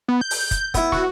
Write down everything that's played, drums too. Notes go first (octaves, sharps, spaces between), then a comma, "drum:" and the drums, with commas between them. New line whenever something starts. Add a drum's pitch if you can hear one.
B3
G6
drum: open hi-hat
drum: kick, hi-hat
B3 E4, drum: kick, hi-hat
F#4, drum: snare